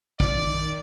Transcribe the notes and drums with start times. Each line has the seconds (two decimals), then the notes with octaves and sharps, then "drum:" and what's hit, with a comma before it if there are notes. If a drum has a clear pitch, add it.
0.20 D#3 D5, drum: kick